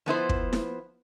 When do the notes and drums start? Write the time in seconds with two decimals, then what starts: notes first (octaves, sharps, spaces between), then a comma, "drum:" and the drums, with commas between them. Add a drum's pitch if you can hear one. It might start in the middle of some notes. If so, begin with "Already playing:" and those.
0.06 F3 B3 E4 C5
0.29 drum: kick
0.53 drum: snare E4